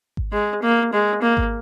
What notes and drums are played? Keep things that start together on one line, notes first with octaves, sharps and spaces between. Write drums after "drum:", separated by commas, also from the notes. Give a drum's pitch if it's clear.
drum: kick G#1
G#3
A#3
G#3
A#3
drum: kick G#1